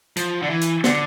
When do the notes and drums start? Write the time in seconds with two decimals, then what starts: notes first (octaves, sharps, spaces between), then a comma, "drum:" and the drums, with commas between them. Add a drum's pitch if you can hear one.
0.17 F3, drum: hi-hat
0.42 D3
0.50 E3
0.62 drum: hi-hat
0.84 D3, drum: snare